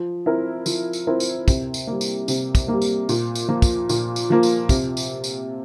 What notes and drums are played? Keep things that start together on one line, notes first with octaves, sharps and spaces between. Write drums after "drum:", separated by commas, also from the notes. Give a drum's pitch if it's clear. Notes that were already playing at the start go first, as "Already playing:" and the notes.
Already playing: F3
C4 E4 A#4
F3, drum: tambourine
drum: tambourine
C4 E4 A#4
drum: tambourine
C3, drum: kick, tambourine
drum: tambourine
G3 A#3
drum: tambourine
C3, drum: tambourine
drum: kick, tambourine
G3 A#3
drum: tambourine
A#2, drum: tambourine
drum: tambourine
F3 A#3
drum: kick, tambourine
A#2, drum: tambourine
drum: tambourine
F3 A#3
drum: tambourine
C3, drum: kick, tambourine
drum: tambourine
drum: tambourine